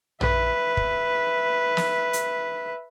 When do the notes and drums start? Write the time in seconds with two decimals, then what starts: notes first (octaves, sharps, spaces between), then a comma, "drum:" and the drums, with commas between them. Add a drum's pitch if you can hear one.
0.21 B4 E5, drum: tom A#1
0.77 drum: kick
1.77 drum: snare
2.13 drum: hi-hat